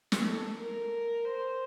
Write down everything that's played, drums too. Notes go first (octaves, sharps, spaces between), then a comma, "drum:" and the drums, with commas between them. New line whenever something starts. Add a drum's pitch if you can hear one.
drum: snare
A4
A#4
C5